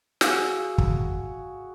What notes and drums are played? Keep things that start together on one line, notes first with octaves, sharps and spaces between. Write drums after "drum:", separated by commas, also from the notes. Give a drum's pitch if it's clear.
F#4 G#4 F5 E6, drum: snare
drum: kick